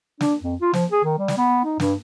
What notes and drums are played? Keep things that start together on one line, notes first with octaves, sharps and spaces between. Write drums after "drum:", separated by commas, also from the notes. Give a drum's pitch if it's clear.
D4, drum: snare
F2
F4
F3, drum: snare
G#4
D#3
G3
drum: snare
B3
D#4
G2, drum: snare